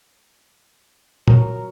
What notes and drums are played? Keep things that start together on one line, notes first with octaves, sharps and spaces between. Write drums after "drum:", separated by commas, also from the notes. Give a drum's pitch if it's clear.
F#3 A#4, drum: tom